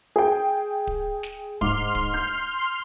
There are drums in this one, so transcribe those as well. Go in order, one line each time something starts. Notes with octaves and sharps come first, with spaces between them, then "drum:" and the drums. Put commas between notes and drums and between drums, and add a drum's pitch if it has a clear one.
G#4 G5
drum: kick D1
drum: snare
G#2 C6 D6 F6, drum: kick D1
drum: kick D1
G6